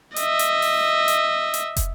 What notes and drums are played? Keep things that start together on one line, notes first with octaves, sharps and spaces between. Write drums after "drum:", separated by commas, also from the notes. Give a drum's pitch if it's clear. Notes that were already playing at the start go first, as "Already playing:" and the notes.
D#5 E5, drum: hi-hat
drum: hi-hat
drum: open hi-hat
drum: hi-hat
drum: hi-hat
drum: kick, hi-hat